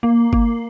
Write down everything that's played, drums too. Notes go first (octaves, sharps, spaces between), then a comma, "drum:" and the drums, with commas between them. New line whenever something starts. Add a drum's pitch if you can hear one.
A#3
A#3, drum: kick G1